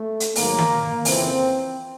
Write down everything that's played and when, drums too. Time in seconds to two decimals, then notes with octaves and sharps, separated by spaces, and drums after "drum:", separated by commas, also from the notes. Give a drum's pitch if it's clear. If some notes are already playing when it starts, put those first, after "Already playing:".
Already playing: A3
0.20 drum: hi-hat
0.35 G#2 D#3 F#3 A#3, drum: open hi-hat
0.58 drum: tom D#3
1.05 F2 C#3 E3 C4, drum: open hi-hat